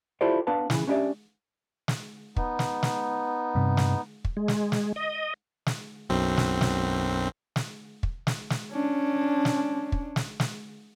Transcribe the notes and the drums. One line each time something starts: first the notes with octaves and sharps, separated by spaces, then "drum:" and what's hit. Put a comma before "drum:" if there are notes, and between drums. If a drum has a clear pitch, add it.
E4 F4 G4 A4 C5 D5
B3 D4 B4 F5 A5
C#3 E3, drum: snare
C#4 D4 E4 G4 D5 E5
drum: snare
B3 D#4, drum: kick
drum: snare
drum: snare
G2 C3
drum: snare
drum: kick
G#3
drum: snare
drum: snare
D#5
drum: snare
B1 F#2 C4
drum: snare
drum: snare
drum: snare
drum: kick
drum: snare
drum: snare
C#4 D4
drum: snare
drum: kick
drum: snare
drum: snare